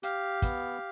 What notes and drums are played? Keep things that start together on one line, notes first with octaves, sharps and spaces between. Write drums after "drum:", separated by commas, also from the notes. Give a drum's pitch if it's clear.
G4 F5, drum: hi-hat
B3, drum: kick, hi-hat